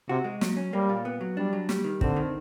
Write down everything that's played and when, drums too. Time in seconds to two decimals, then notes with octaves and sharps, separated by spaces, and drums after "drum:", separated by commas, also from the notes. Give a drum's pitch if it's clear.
0.09 C3 F#4
0.24 G#3
0.41 F#3, drum: snare
0.57 C#4
0.73 G3 A#3
0.89 A#2
1.05 B3
1.21 F#3
1.37 G3 D4
1.53 F#3
1.69 G3, drum: snare
1.84 D#3
2.01 D3 C4, drum: kick
2.16 D#3